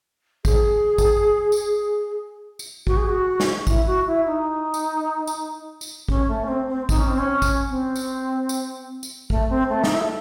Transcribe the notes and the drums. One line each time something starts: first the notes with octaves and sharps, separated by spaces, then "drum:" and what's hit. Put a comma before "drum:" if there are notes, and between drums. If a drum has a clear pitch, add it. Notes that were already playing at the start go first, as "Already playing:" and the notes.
G#4, drum: kick, tambourine
drum: kick, tambourine
drum: tambourine
drum: tambourine
F#4, drum: kick
G#4
F#4
drum: snare
E4, drum: kick, tambourine
F#4
E4
D#4
drum: tambourine
drum: tambourine
drum: tambourine
C#4, drum: kick
A3
C#4
C4
C4
D#4, drum: kick, tambourine
C#4
C4
C#4
drum: kick, tambourine
C4
drum: tambourine
drum: tambourine
drum: tambourine
A3, drum: kick
C4
A3
D#4, drum: snare
E4
A4